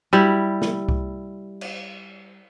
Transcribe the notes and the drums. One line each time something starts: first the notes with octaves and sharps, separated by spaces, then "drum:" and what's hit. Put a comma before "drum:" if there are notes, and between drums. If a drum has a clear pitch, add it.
G3 E4
drum: snare
drum: kick C2
drum: cymbal